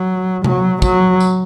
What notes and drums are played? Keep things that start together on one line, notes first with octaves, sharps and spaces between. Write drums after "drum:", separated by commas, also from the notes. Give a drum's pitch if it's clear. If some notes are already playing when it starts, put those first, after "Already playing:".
Already playing: F#3
F#3, drum: tom C3
F#3, drum: kick, tambourine
drum: tambourine